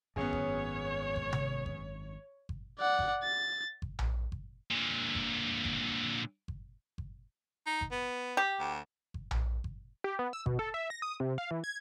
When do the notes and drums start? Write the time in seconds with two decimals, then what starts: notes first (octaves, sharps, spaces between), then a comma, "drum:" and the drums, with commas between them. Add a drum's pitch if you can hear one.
0.16 G#1 F#2 B3 C#4 G#4 C#5
0.33 drum: kick G1
1.16 drum: kick G1
1.33 drum: tom C3
1.66 drum: kick G1
2.49 drum: kick G1
2.79 D5 F#5
2.99 drum: kick G1
3.24 A6
3.82 drum: kick G1
3.99 drum: tom A#1
4.32 drum: kick G1
4.71 A#2 D3
5.15 drum: kick G1
5.65 drum: kick G1
6.48 drum: kick G1
6.98 drum: kick G1
7.66 D#4
7.81 drum: kick G1
7.91 B3
8.37 G4
8.59 D2
9.14 drum: kick G1
9.31 drum: tom A#1
9.64 drum: kick G1
10.04 G4
10.19 B3
10.33 E6
10.46 B2, drum: kick G1
10.59 A4
10.74 E5
10.90 A#6
11.02 D#6
11.20 C3
11.38 F5
11.51 E3
11.64 G#6